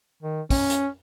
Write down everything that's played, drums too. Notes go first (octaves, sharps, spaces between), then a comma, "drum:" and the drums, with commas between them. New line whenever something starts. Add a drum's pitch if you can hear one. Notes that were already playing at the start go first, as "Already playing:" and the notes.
D#3
C#4, drum: kick, open hi-hat
drum: hi-hat